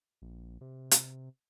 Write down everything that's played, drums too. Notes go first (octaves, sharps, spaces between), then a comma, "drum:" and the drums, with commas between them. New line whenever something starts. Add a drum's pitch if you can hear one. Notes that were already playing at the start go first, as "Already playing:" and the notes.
A#1
C3
drum: hi-hat